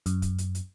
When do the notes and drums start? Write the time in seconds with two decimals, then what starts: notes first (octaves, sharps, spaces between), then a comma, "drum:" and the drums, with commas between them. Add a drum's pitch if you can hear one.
0.06 F#2, drum: hi-hat
0.22 drum: kick, hi-hat
0.38 drum: hi-hat
0.55 drum: hi-hat